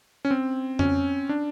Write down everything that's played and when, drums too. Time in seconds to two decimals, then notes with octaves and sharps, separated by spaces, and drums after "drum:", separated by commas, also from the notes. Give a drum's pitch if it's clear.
0.25 C#4
0.31 C4
0.79 C#4, drum: tom F2
1.29 D4